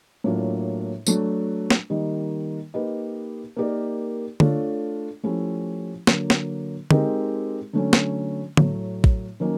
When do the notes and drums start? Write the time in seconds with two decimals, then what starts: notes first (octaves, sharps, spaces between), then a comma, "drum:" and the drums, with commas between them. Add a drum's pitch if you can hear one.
0.24 A2 F#3 A#3 D4 F4
1.07 F#3 A3 D4 F#4, drum: tambourine
1.70 drum: snare
1.90 D#3 G3 A#3 D#4
2.74 A#3 D#4 G4 B4 D#5
3.56 A#3 D#4 G4 A#4 D5
4.40 A3 D4 F4 A4 C#5, drum: tom D3
5.23 F3 A3 C#4 E4 G4
6.07 D3 F#3 A#3, drum: snare
6.30 drum: snare
6.91 G#3 C4 D#4 G4 A#4, drum: tom D3
7.73 D3 F#3 A3 C#4
7.93 drum: snare
8.57 A2 F#3 A3, drum: tom D3
9.04 drum: kick A1
9.40 D#3 F#3 A#3 C#4